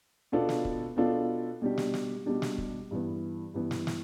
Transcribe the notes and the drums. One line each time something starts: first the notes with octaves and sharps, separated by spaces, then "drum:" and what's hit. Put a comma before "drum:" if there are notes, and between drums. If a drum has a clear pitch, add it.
B2 B3 D4 F4 A4
drum: snare
drum: kick
B2 B3 D4 F4 A4
B2 G3 D4 G4
drum: snare
drum: snare
B2 G3 D4 G4
drum: snare
drum: kick
G2 E3 B3
G2 E3 B3
drum: snare
drum: snare